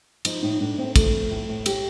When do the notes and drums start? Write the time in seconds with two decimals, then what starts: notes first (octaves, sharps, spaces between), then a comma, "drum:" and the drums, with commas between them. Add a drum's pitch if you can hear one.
0.25 F3 D#4, drum: cymbal
0.42 A2 D#4
0.60 A2 D4
0.78 A2 C4
0.96 F3 A3, drum: kick, cymbal
1.13 F3
1.31 A2
1.48 A2
1.66 A2 G4, drum: cymbal